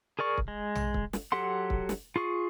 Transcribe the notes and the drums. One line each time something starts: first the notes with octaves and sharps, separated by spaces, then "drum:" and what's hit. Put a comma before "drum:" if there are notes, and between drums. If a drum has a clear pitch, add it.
G#4 A#4 D5 C#6
drum: kick
G#3
drum: tom A#1
drum: kick
drum: snare
F#3 G4 A4 F#5 C6
drum: kick
drum: snare
F4 G#4 C#6